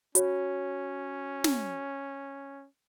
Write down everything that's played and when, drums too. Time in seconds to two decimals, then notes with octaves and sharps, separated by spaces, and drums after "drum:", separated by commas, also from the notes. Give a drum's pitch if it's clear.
0.15 C#4 F#4 C#5, drum: hi-hat
1.44 drum: snare